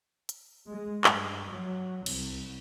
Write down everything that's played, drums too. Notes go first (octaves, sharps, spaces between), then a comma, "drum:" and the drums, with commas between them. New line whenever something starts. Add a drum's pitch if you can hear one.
drum: hi-hat
G#3
G2, drum: clap
F#3
C2, drum: cymbal